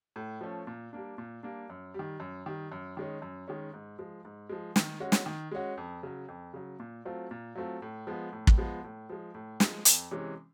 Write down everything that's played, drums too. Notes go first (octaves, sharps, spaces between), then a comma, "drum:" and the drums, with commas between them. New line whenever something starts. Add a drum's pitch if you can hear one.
A2
F3 A3 C#4
A#2
G3 A#3 D4
A#2
G3 A#3 D4
F#2
D#3 G3
F#2
D#3 G3
F#2
D#3 G#3 C#4
F#2
D#3 G#3 C#4
G#2
F3 G#3
G#2
F3 G#3
D#3, drum: snare
G#3 C#4 F#4
drum: snare
D#3
G#3 C#4 F#4
F2
C#3 F#3
F2
C#3 F#3
A#2
F#3 A3 C4 F4
A#2
F#3 A3 C4 F4
A2
F3 G#3 B3
A2
drum: kick
F3 G#3 B3
A2
F3 G#3
A2
F3 G#3, drum: snare
F2, drum: hi-hat
C3 E3 G#3 C#4